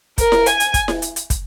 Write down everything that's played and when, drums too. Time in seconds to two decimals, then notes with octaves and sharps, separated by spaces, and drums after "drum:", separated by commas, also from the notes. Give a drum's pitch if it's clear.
0.18 A#4, drum: kick, hi-hat
0.32 drum: snare E4
0.46 G#5, drum: hi-hat
0.60 drum: hi-hat
0.74 drum: kick, hi-hat
0.88 drum: snare E4
1.02 drum: hi-hat
1.16 drum: hi-hat
1.30 drum: kick, hi-hat